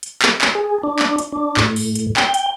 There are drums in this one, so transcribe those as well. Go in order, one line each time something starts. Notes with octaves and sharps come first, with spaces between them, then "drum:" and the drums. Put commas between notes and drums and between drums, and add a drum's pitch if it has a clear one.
drum: hi-hat
drum: clap
drum: clap
G#4
D4
drum: clap
drum: hi-hat
D4
A2, drum: clap
drum: open hi-hat
drum: hi-hat
G5, drum: clap
drum: hi-hat